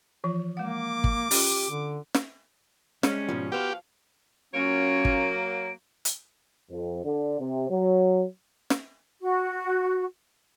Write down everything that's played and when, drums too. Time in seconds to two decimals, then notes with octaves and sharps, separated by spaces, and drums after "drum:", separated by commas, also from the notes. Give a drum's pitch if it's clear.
0.24 E3 F3 F4
0.57 G#3 A#3 F#5 D6
1.04 drum: kick
1.31 C#4 F4 G4, drum: open hi-hat
1.70 D3
2.15 drum: snare
3.03 C3 G3 G#3 C#4, drum: snare
3.29 G#2 B2 F3
3.52 F3 B3 F#4 G4 C5 F5
4.54 F#3 A#3 C#4 F4 C#5 D7
5.05 drum: kick
6.05 drum: hi-hat
6.70 F2
7.04 D3
7.40 C3
7.70 F#3
8.70 drum: snare
9.20 F#4